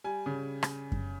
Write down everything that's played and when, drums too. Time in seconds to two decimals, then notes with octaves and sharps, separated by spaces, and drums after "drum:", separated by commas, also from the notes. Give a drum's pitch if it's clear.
0.04 G3 G#5
0.26 C#3
0.63 drum: rim click
0.92 drum: kick F#2